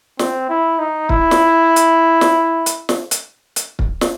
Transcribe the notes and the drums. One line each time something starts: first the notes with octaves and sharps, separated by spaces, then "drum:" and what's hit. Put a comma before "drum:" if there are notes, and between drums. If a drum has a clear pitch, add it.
C4, drum: snare
E4
D#4
E4, drum: kick
drum: snare
drum: hi-hat
drum: snare
drum: hi-hat
drum: snare
drum: hi-hat
drum: hi-hat
drum: kick
drum: snare